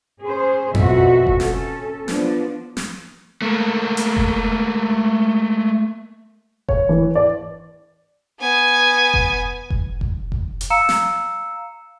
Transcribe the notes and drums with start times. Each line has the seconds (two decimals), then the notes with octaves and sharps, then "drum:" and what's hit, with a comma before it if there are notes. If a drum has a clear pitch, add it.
0.21 C#4 G#4 C5
0.74 F2 B2 F#4 E5, drum: tom F2
1.27 drum: kick F1
1.40 C#4 A4, drum: snare
2.08 F3 B3 D4, drum: snare
2.77 drum: snare
3.42 A3 A#3
3.97 drum: hi-hat
4.17 drum: kick F1
6.68 C#5, drum: kick F1
6.89 E3
7.15 D5
8.40 B3 G#5
9.14 drum: kick F1
9.70 drum: kick F1
10.01 drum: kick F1
10.32 drum: kick F1
10.61 drum: hi-hat
10.70 F5 A#5 E6 C#7 E7
10.89 drum: snare